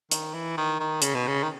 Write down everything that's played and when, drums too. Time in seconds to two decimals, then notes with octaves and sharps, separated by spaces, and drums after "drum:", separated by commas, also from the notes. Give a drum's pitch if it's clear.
0.11 D#3, drum: hi-hat
0.34 E3
0.57 D#3
0.80 D#3
1.02 C#3, drum: hi-hat
1.14 B2
1.27 C#3
1.43 D#3